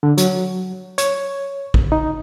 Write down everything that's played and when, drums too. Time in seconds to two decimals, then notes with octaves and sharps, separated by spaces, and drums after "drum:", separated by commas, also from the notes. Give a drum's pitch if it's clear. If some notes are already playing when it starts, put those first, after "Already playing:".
0.03 D3
0.18 F#3, drum: hi-hat
0.98 C#5, drum: hi-hat
1.74 drum: kick
1.92 D#4